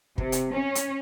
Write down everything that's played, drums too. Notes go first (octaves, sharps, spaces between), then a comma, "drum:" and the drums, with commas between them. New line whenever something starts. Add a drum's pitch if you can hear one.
C3, drum: kick
drum: hi-hat
C#4
drum: hi-hat